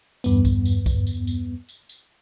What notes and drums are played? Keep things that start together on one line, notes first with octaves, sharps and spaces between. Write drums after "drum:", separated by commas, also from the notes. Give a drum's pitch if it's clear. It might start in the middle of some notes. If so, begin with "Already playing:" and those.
E2 G2 B3, drum: tambourine
drum: kick B1, tambourine
drum: tambourine
drum: kick B1, tambourine
drum: tambourine
drum: tambourine
drum: tambourine
drum: tambourine